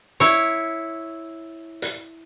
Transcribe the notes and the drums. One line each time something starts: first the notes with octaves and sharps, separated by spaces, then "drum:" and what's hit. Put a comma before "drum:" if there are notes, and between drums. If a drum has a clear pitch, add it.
E4 C#5, drum: hi-hat
drum: hi-hat